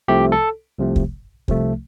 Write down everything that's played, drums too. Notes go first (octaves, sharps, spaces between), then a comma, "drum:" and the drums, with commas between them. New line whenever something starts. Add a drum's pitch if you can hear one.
C2 C3 F3 A3 G4
A4
C2 C3 F3 A3
drum: kick
C2 C3 F3 A3, drum: kick